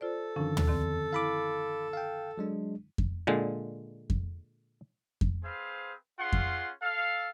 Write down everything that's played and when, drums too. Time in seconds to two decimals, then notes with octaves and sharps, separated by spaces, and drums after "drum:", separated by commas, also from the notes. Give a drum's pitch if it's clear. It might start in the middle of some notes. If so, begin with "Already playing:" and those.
0.01 F4 A4 C5 D5
0.36 F#2 D3 D#3 F3 C#4
0.57 drum: tom
0.67 E2 D3 D#3 C4
1.13 E4 F5 B5 D6
1.93 F5 G5
2.38 F#3 G#3 D4
2.98 drum: kick F2
3.27 A#2 D3 G#3
4.10 drum: kick F2
5.21 drum: kick F2
5.44 C4 G#4 B4 C5 F5
6.19 C#4 F4 G#4 F#5 C6
6.33 drum: kick F2
6.82 A4 F5